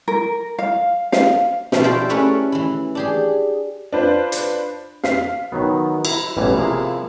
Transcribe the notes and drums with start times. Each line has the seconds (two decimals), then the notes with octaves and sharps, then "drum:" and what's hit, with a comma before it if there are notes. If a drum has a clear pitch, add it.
0.08 A#4
0.59 F5
1.12 F5, drum: snare
1.72 B2 F3 A#4 E5, drum: snare
1.84 D4 E4 G4 A#4 C5 D5
2.09 A3 C#4 A#4 B4 C#5 E5
2.52 E3 E4
2.95 D4 G4 G#4
3.92 D4 F4 B4 C5
4.32 drum: hi-hat
5.04 F5 B6, drum: snare
5.52 D#3 F#3 B3
6.05 E4 A#5, drum: cymbal
6.37 A1 B2 E3 G3 G#5
6.57 C3 F3 A#3 E4 G#4